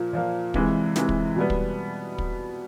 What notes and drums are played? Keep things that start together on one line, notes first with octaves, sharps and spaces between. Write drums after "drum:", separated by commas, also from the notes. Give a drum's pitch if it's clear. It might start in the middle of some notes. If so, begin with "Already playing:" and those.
Already playing: A#2 F3 A#3
A#2 F3 A#3
C3 E3 G#3, drum: kick
C3 E3 G#3, drum: snare
drum: kick
B2 G3 B3
drum: kick
drum: kick